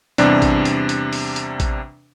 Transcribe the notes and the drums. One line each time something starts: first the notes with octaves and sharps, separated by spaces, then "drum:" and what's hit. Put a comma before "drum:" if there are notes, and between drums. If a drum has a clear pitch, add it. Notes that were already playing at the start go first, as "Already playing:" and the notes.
E2 C3 G3 D4, drum: hi-hat
drum: kick A1, hi-hat
drum: hi-hat
drum: hi-hat
drum: open hi-hat
drum: hi-hat
drum: kick A1, hi-hat